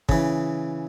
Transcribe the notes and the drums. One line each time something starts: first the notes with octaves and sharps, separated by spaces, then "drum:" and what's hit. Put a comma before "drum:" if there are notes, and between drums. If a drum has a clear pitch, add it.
C#3 E3, drum: kick